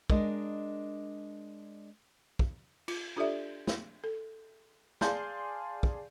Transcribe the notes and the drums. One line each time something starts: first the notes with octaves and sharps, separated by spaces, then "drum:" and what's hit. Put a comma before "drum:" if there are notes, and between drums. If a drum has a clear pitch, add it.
G#3 D4 A#4 D#5, drum: kick
drum: kick
F4, drum: cymbal
D4 F4 G4 A4 D5 E5
drum: snare
A4
G#4 D5 F5 A5 C6 G6, drum: snare
drum: kick